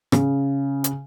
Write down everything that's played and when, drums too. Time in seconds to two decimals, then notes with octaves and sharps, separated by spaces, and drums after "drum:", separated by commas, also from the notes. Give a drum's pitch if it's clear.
0.12 C#3, drum: rim click
0.84 drum: hi-hat